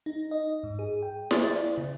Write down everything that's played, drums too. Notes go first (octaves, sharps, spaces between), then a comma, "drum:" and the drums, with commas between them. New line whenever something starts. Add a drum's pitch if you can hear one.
D#4
D#5
G#2
G#4
G5
A6, drum: snare E4
D5
C#3